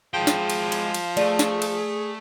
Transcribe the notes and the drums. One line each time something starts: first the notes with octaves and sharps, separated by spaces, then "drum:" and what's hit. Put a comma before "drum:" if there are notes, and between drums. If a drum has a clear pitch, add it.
F3 G#3 G#4 G5
drum: snare
drum: cymbal
drum: cymbal
drum: cymbal
A3 G#4 D5, drum: cymbal
drum: snare
drum: cymbal